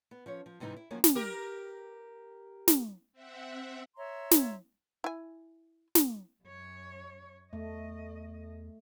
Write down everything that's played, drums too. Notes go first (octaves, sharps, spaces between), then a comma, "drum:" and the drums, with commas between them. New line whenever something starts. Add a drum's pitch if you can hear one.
B3
F3 C#4 C#5
F3
G#2 C3 E3 D#4
E4
D#3 F3 F#3 A#3 C#4
drum: snare
G4 A#4
drum: snare
C4 E5 F#5
C#5 E5 A#5 C6
drum: snare
E4 G#5
drum: snare
F#2 C#5
E2 A3 D#5